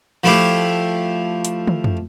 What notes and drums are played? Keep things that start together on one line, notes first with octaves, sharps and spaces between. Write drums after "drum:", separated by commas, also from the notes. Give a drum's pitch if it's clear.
F3 A3 E4 F4 G4
drum: hi-hat
drum: tom
drum: tom F2